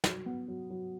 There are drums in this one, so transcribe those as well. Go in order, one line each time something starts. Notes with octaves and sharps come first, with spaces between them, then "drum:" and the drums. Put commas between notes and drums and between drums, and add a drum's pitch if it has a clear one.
F#3, drum: snare
B3
F#3
F#3